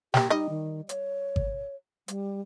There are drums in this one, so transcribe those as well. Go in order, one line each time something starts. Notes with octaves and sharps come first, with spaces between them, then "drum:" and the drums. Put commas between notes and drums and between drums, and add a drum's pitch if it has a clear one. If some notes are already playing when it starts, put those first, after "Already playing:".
A#3 G4 G5, drum: snare
G3 D#4 D#5
D#3
C#5, drum: hi-hat
drum: kick G#1
G3, drum: hi-hat